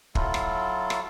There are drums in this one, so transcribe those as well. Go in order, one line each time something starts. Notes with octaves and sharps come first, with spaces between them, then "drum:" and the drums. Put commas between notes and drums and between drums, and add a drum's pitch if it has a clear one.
F#3 E4 F4 A4, drum: kick
drum: rim click
drum: rim click